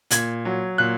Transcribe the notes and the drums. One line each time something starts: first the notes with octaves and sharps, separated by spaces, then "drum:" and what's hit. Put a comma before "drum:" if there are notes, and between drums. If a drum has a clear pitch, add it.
A#2 G#6, drum: hi-hat
F#3
A#2 F#6